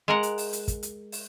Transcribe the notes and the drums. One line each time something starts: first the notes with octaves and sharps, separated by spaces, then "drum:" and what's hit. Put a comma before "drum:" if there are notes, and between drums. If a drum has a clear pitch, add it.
G#3 A#4 F#5
drum: hi-hat
drum: open hi-hat
drum: hi-hat
drum: kick, hi-hat
drum: hi-hat
drum: open hi-hat